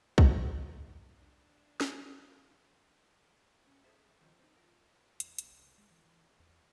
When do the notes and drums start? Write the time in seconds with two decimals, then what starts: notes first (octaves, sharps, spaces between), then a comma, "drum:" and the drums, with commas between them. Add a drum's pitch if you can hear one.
0.18 D#5, drum: kick B1
0.60 A3 D#4
1.18 D4
1.81 drum: snare
2.18 C4 F4
3.67 C#4
3.84 G#4 A4 C5 E5
4.21 D#3 F3
4.39 C4 D#4
4.57 F4 A#4
5.20 E2, drum: hi-hat
5.38 A1, drum: hi-hat
5.52 C2
5.78 G#3
5.91 E3
6.05 E3
6.40 E2